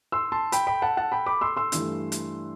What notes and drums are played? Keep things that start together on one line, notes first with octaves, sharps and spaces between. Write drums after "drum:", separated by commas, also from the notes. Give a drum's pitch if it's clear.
C6 E6
A5 C6
G5 B5, drum: hi-hat
G5 B5
F#5 A5
F#5 A5
G5 B5
B5 D6
C6 E6
C6 E6
G2 E3 A3, drum: hi-hat
drum: hi-hat